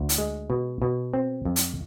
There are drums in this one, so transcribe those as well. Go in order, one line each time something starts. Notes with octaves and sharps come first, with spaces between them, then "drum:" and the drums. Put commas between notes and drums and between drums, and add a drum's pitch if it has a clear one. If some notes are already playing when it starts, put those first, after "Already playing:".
Already playing: D2
drum: hi-hat
G#3
B2
B2
C4
F2
drum: hi-hat